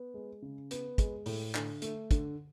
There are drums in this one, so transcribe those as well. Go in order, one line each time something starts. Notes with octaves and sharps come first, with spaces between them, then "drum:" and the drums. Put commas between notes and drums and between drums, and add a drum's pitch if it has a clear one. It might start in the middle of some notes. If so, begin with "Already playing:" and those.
Already playing: B3
G#3
C#3
B3, drum: hi-hat
G#3, drum: kick, hi-hat
A2, drum: open hi-hat
D3, drum: clap
A3, drum: hi-hat
D3, drum: kick, hi-hat